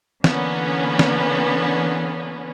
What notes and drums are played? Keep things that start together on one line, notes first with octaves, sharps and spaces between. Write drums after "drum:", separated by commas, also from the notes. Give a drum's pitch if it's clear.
D3 E3 A#3 B3 C#4, drum: snare
drum: snare